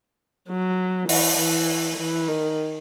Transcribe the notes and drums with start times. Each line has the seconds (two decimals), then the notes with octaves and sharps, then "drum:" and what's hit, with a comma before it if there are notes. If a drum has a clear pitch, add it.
0.49 F#3
1.09 E3, drum: open hi-hat
1.39 E3
1.99 E3
2.28 D#3